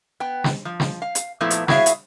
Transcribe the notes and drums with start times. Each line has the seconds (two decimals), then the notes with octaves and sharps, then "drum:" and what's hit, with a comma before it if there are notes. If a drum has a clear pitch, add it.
0.20 B3 G5
0.44 drum: snare
0.65 F3
0.80 drum: snare
1.02 F5
1.15 drum: hi-hat
1.41 A#2 F3 A3 B3 E4 A4
1.50 drum: hi-hat
1.68 E4 F#4 G#4 C#5 E5 F5, drum: snare
1.86 drum: hi-hat